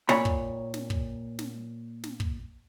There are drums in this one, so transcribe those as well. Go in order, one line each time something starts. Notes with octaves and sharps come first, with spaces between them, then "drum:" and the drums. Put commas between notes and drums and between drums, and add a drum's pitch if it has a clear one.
A#2 C#5 B5, drum: snare
drum: kick
drum: snare
drum: kick
drum: snare
drum: snare
drum: kick